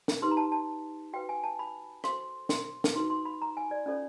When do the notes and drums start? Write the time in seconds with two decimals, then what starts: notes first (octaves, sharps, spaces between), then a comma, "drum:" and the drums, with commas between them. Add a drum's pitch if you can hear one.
0.08 drum: snare
0.22 D#4 G4 B4 C6
0.31 A#5
0.37 A5
0.52 A5
1.13 F#4 B4 G5
1.29 G#5
1.43 A5
1.59 B5
2.04 F#4 A4 C5 C6, drum: rim click
2.49 C6, drum: snare
2.84 drum: snare
2.95 D#4 F#4 B4 C6
3.10 C6
3.25 B5
3.42 A#5
3.57 G#5
3.71 D5
3.86 C#4 F4 A4 C#5 D5